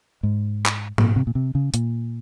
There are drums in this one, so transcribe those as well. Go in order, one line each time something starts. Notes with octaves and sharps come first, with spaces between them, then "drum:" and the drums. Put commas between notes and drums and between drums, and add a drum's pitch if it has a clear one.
G#2
drum: clap
A#2, drum: tom G#2
C3
A#2
C3
C#3
A#2, drum: hi-hat